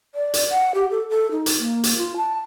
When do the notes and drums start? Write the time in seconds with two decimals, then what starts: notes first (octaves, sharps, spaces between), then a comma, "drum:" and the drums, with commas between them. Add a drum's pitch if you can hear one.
0.15 D5
0.34 drum: hi-hat
0.51 F#5
0.74 G4
0.91 A4
1.10 A4
1.31 D#4
1.46 drum: hi-hat
1.59 A#3
1.83 drum: hi-hat
1.97 F4
2.17 A5